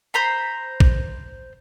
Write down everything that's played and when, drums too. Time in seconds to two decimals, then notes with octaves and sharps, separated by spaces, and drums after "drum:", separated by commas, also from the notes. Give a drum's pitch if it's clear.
0.14 C5 A#5 B5
0.80 drum: kick